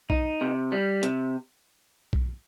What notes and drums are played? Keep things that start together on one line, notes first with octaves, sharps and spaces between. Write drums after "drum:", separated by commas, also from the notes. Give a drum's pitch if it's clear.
D#4, drum: kick B1
C3
G3
C3, drum: hi-hat
drum: kick B1